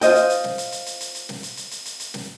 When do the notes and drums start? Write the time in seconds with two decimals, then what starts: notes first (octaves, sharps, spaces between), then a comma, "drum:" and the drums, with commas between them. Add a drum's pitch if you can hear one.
0.01 F4 C5 D#5 G5, drum: hi-hat
0.16 drum: hi-hat
0.30 drum: hi-hat
0.44 drum: snare
0.58 drum: hi-hat
0.72 drum: hi-hat
0.86 drum: hi-hat
1.01 drum: hi-hat
1.15 drum: hi-hat
1.29 drum: snare
1.43 drum: hi-hat
1.57 drum: hi-hat
1.71 drum: hi-hat
1.86 drum: hi-hat
2.00 drum: hi-hat
2.14 drum: snare